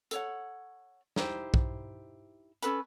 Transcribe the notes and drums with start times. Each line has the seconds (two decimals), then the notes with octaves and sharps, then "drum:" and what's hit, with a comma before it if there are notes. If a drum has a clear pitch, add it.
0.11 A4 C#5 F#5, drum: hi-hat
1.16 D#4 E4 G4 C5, drum: snare
1.54 drum: kick B1
2.62 C#4 A4 B4 B5, drum: hi-hat